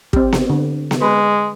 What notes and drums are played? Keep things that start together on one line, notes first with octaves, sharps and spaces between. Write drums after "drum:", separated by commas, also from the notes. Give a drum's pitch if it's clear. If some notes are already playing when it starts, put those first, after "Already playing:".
C4 G4, drum: kick
drum: snare B3
D3
drum: snare B3
G#3 B4